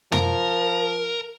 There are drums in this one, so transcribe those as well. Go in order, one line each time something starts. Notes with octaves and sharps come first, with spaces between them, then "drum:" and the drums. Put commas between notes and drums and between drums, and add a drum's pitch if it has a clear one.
F3 A#4, drum: tom